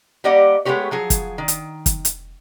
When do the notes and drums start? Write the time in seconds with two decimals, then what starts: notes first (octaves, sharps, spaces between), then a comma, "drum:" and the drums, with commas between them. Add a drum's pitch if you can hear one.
0.24 G3 A#3 G4 D5 D#5 F#5
0.65 G#3 A3 B3 C#4 G4 C#5
0.91 F3 F#3 G#4
1.10 drum: kick, hi-hat
1.38 D#3
1.48 drum: hi-hat
1.86 drum: kick, hi-hat
2.05 drum: hi-hat